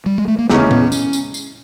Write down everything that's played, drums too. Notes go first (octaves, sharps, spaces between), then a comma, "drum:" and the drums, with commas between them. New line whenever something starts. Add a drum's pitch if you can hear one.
G3
G#3
A3
A#3
E2 C#3 E3 G#3 B3 C#4, drum: snare
A#3
B3, drum: tom A#2
C#4, drum: tambourine
drum: tambourine
drum: tambourine